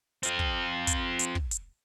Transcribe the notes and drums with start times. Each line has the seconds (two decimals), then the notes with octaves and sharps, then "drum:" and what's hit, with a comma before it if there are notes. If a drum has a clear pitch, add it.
0.23 C4 F4, drum: hi-hat
0.39 drum: kick
0.87 drum: kick, hi-hat
1.19 drum: hi-hat
1.35 drum: kick
1.51 drum: hi-hat